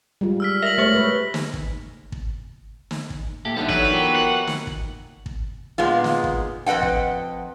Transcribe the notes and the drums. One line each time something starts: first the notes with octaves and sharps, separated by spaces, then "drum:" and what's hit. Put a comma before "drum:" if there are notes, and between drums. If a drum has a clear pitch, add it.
G3 G#3 F4
E6 F6 B6
A#4 E5 A#6 F#7
A3 G4 C5 C#5 C#6
G#3 B4
drum: snare
drum: kick
drum: kick
drum: snare
drum: kick
A#2 G4 A4 E5
D3 G3 G#3 B3 D#4 A4 C#5
E3 F#3 B4, drum: kick
B3 F4 G4 A#4
F#5
drum: snare
drum: kick
drum: kick
A#2 G#3 B3 F4
drum: snare
drum: kick
F2 B4 D#5 F#5 G5
drum: kick